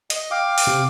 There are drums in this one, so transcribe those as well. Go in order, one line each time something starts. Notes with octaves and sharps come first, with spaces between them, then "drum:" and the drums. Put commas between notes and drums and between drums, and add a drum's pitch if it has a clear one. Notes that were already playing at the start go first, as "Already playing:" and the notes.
D#5, drum: hi-hat
F5 G5 D6
drum: open hi-hat
C3